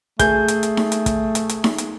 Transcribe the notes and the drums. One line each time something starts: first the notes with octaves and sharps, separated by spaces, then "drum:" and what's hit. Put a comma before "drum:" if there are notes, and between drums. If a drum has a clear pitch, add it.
A3 G#4 G6, drum: kick, hi-hat
drum: hi-hat
drum: hi-hat
drum: snare D#4
drum: hi-hat
drum: kick, hi-hat
drum: hi-hat
drum: hi-hat
drum: snare D#4
drum: hi-hat